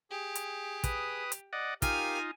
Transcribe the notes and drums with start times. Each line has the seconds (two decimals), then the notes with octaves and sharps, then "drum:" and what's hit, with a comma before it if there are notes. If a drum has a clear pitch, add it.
0.11 G4 G#4
0.35 drum: hi-hat
0.84 B4 D#6, drum: kick, hi-hat
1.32 drum: hi-hat
1.53 D5 D#5 F#5
1.82 D#4 F4 G4 A#4 F5 G#5, drum: kick, hi-hat